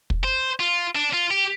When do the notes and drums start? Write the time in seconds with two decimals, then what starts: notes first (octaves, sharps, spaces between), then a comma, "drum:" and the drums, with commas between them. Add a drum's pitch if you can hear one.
0.10 drum: kick
0.24 C5
0.60 F4
0.95 D4
1.13 F4
1.31 G4